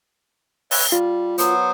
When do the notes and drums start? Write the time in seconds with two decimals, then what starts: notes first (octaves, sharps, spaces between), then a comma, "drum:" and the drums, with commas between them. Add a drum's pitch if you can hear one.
0.71 B4 C#5 E5, drum: open hi-hat
0.92 G3 F4
1.38 F#3 B3 C5, drum: hi-hat